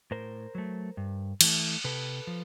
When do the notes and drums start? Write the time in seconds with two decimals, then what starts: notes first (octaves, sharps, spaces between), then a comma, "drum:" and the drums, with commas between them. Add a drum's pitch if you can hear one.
0.11 A2 A#4 C5
0.55 F#3 A3
0.97 G2
1.41 E3 A3, drum: cymbal
1.84 C3 A4 B4
2.27 F3